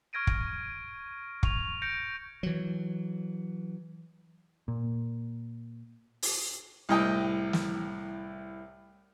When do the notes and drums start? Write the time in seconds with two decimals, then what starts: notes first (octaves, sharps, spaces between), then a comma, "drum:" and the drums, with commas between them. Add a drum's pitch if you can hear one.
0.13 C#6 F6 G#6 A#6 D7 D#7
0.27 drum: kick
1.43 C#6 F7, drum: kick
1.82 G6 A#6 C#7 D7
2.43 E3 F#3
4.68 A#2
6.22 drum: open hi-hat
6.89 C2 A2 D#5 G5
7.53 drum: snare